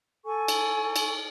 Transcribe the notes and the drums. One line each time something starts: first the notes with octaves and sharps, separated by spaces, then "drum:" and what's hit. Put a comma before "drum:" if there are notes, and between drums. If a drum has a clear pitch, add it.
A4 G#5 C#6
drum: cymbal
drum: cymbal